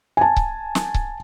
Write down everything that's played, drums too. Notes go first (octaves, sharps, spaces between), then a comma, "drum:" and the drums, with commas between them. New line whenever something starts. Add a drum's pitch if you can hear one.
G#5 A5
drum: kick C#1
drum: snare
drum: kick C#1